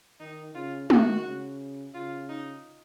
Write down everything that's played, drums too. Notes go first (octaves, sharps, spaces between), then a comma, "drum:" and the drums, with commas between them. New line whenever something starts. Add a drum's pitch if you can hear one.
D#3 D#4
C#3 F4
D#3 F#4, drum: tom
C#3
C#3 F4
D#4